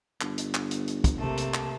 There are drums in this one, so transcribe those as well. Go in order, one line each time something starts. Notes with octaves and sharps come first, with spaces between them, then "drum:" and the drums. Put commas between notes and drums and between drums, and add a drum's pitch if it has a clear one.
G1, drum: clap
drum: hi-hat
drum: clap
drum: hi-hat
drum: hi-hat
drum: kick, hi-hat
C3 A3 A#3
drum: hi-hat
drum: clap